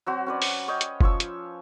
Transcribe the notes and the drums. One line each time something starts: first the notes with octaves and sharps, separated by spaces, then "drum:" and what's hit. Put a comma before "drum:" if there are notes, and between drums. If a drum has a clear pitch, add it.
F#3 C4 F#4
C#4 B4 D5
drum: open hi-hat
C#4 C#5 D#5 G5
drum: hi-hat
F3 C#4 C#6 E6, drum: kick F1
drum: hi-hat